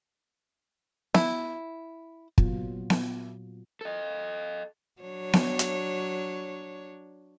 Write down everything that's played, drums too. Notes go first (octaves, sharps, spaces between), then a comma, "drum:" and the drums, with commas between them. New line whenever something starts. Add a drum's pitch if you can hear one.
E4, drum: snare B3
A#2 F#3 B3 F4, drum: kick
drum: snare B3
A4 D#5
F#3 D4 C#5
drum: snare B3
drum: hi-hat